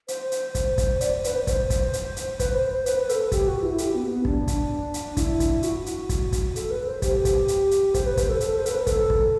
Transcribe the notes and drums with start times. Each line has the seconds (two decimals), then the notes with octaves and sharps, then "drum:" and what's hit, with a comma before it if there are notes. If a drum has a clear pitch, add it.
0.08 C5, drum: hi-hat
0.32 drum: hi-hat
0.55 drum: kick, hi-hat
0.78 drum: kick, hi-hat
1.01 D5, drum: hi-hat
1.24 B4, drum: hi-hat
1.35 C5
1.47 C5, drum: kick, hi-hat
1.70 drum: kick, hi-hat
1.93 drum: hi-hat
2.17 drum: hi-hat
2.40 B4, drum: kick, hi-hat
2.55 C5
2.70 C5
2.86 B4, drum: hi-hat
2.99 B4
3.09 A4, drum: hi-hat
3.32 G4, drum: kick, hi-hat
3.47 F#4
3.62 E4
3.78 G4, drum: hi-hat
3.94 B3
4.09 B3
4.25 D4, drum: kick
4.48 drum: kick, hi-hat
4.94 drum: hi-hat
5.17 E4, drum: kick, hi-hat
5.40 drum: kick, hi-hat
5.63 F#4, drum: hi-hat
5.86 drum: hi-hat
6.09 drum: kick, hi-hat
6.33 drum: kick, hi-hat
6.56 A4, drum: hi-hat
6.71 B4
6.87 C5
7.02 G4, drum: kick, hi-hat
7.25 drum: kick, hi-hat
7.48 drum: hi-hat
7.71 drum: hi-hat
7.94 C5, drum: kick, hi-hat
8.06 B4
8.17 C5, drum: kick, hi-hat
8.29 A4
8.40 A4, drum: hi-hat
8.56 C5
8.66 A4, drum: hi-hat
8.71 B4
8.87 A4, drum: kick, hi-hat
9.10 drum: kick